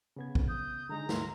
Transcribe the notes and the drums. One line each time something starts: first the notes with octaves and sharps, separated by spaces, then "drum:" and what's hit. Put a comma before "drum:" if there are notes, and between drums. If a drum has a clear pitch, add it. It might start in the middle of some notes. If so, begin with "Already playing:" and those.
C#3 B3 G#6
drum: kick
D#6 G6
D3 G#3 D#4 A#5
D2 G#2 C6, drum: snare